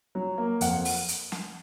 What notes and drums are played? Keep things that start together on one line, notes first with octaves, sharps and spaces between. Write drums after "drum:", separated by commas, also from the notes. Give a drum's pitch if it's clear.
F#3
A#3
F2 F#5, drum: hi-hat
drum: open hi-hat
drum: hi-hat
drum: snare